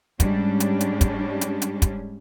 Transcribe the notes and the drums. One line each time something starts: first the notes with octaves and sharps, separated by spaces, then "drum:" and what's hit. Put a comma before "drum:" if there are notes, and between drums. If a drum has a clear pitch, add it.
G#2 G3 G#3 C#4 D4, drum: kick, hi-hat
drum: hi-hat
drum: hi-hat
drum: kick, hi-hat
drum: hi-hat
drum: hi-hat
drum: kick, hi-hat